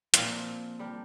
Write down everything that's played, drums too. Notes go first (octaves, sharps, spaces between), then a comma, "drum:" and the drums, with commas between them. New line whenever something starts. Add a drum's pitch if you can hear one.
A#2 F3 C4 F4, drum: hi-hat
G3 D4 G4 A#4